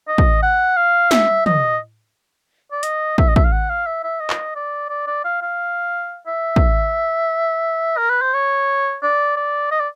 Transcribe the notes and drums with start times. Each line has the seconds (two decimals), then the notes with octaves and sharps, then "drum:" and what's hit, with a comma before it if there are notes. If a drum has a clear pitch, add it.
0.08 D#5
0.18 drum: kick
0.42 F#5
0.76 F5
1.11 E5, drum: snare
1.46 D#5, drum: tom
2.72 D5
2.83 D#5, drum: hi-hat
3.18 E5, drum: kick
3.28 D#5
3.36 E5, drum: kick
3.45 F5
3.52 F#5
3.70 F5
3.86 E5
4.04 E5
4.20 D#5
4.30 drum: clap
4.56 D5
4.89 D5
5.07 D5
5.25 F5
5.42 F5
6.27 E5
6.56 drum: kick
7.97 A#4
8.10 B4
8.21 C5
8.34 C#5
9.03 D5
9.37 D5
9.71 D#5
9.80 D5